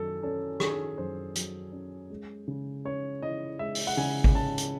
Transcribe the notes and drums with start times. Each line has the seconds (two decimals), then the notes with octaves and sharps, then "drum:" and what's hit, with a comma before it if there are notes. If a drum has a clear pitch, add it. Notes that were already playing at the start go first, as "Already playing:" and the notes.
Already playing: F#2 D#3 F#3 A4
0.23 C#4 A4
0.60 D#3 G#4, drum: rim click
0.98 F#2 C5
1.36 F#3, drum: hi-hat
1.72 C#4
2.10 G#3
2.48 C#3
2.85 C#4 C#5
3.22 E4 D#5
3.59 G#3 E5
3.75 drum: open hi-hat
3.87 F#5
3.97 C#3 G#5
4.24 drum: kick G#1
4.34 C#4 A5
4.58 drum: hi-hat